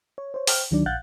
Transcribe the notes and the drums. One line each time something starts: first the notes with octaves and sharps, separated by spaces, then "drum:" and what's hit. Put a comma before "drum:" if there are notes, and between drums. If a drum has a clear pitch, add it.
C#5
C5 C#5
C5 G5 F6, drum: open hi-hat
D2 D#3 F#3 D4 D5
A#1 F5 F#5 F#6 G6 A6